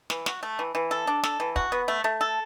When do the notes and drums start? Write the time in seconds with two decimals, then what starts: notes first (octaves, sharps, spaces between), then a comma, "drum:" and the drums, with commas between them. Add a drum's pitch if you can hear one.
0.10 E3, drum: snare
0.26 F#4, drum: snare
0.43 A3
0.59 E3
0.75 E3
0.91 A4
1.07 D4
1.24 A4, drum: snare
1.40 E3
1.56 F#4, drum: kick
1.72 B3
1.88 A3
2.04 A3
2.21 A4